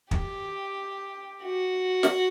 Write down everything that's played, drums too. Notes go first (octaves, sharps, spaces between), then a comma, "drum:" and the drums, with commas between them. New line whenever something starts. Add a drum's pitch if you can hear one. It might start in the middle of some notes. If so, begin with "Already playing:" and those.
G4, drum: kick
F#4
drum: snare